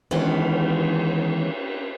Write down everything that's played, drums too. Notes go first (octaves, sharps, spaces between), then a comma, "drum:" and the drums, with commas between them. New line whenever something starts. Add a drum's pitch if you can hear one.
D#3 E3 G#3 B3 C#4, drum: cymbal